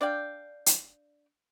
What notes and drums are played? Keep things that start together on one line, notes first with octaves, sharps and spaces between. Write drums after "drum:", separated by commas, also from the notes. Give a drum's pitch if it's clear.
D4 D5 F5 G5
drum: hi-hat